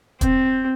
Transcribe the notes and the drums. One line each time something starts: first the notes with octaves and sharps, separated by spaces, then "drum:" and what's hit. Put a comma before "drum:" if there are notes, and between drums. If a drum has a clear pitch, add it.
C4, drum: kick, hi-hat